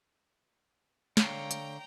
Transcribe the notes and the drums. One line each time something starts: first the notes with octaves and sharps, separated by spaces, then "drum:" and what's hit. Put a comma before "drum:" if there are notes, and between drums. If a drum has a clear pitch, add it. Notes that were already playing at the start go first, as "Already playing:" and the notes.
D3 C#5 F5 G5 A#5, drum: snare
drum: hi-hat